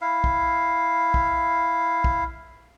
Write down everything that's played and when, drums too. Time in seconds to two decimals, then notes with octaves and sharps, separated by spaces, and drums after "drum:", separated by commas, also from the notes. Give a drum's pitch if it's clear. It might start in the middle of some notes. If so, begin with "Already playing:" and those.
0.01 E4 F5
0.24 drum: kick
1.14 drum: kick
2.04 drum: kick